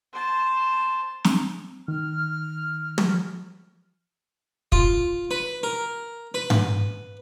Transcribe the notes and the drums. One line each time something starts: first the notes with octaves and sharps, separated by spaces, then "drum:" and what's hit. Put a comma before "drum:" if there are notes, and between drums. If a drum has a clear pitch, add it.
C5 A5
drum: snare
D#3 F6
drum: tom
F4, drum: kick
B4
A#4
B4
drum: tom G#2